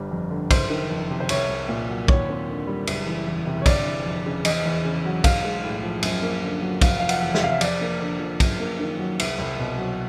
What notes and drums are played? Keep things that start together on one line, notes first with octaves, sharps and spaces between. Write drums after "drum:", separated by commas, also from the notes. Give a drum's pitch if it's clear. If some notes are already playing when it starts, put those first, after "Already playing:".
Already playing: G1 G3
F2
D3
F#1 C5, drum: kick, cymbal
D#3
F2
C3
C5
C2 C#5, drum: cymbal
C2
A#2
F#3
D#2 C#5, drum: kick
C4
D3
G3
F#1, drum: cymbal
E3
E2
C3
C#5
G1 D5, drum: kick, cymbal
E3
F2
C#3
E2 D#5, drum: cymbal
E2
C#3
F#3
B1 F5, drum: kick, cymbal
G#3
A2
F3
F#2, drum: cymbal
A#3
D3
F#3
F1 F5, drum: kick, cymbal
F3 F5
F#5, drum: cymbal
E2
E5, drum: snare
C3 F5
E5
F2 D5, drum: cymbal
A#3
D3
F3
F#2, drum: kick, cymbal
A#3
D#3
F#3
C2, drum: cymbal
C2
B2
F#3